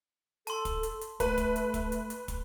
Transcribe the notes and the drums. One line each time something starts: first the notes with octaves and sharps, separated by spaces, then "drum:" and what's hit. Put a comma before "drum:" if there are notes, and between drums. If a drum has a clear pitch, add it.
A4 A5 C6, drum: hi-hat
drum: kick, hi-hat
drum: hi-hat
drum: hi-hat
A3 B4, drum: kick, hi-hat
drum: kick, hi-hat
drum: hi-hat
drum: kick, hi-hat
drum: hi-hat
drum: hi-hat
drum: kick, hi-hat